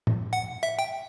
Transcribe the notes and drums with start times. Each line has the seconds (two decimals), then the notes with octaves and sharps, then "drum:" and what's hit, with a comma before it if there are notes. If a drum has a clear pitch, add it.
0.07 drum: tom
0.33 F#5
0.63 E5
0.79 G5